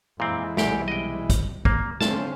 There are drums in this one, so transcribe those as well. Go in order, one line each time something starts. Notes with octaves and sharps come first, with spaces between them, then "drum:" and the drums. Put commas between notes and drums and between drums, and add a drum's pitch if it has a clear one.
F2 A#2 E3 G#3 C4 E4
B1 E2 C3 G3 G4 G5, drum: snare
D#5 G5
drum: kick, hi-hat
A#3, drum: kick
D3 C4 C#4 F5 A5, drum: snare